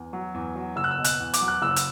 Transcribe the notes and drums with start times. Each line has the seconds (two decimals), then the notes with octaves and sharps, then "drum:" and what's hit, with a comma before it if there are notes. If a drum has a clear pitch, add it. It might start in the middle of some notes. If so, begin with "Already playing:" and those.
Already playing: E2
0.13 F#3
0.34 E2
0.56 F#3
0.76 F#1 E6
0.84 F#6
0.91 E6
0.98 B2
1.04 F#6, drum: hi-hat
1.19 E2
1.33 D6, drum: hi-hat
1.41 F#3
1.48 F#6
1.62 F#1 E6
1.76 drum: hi-hat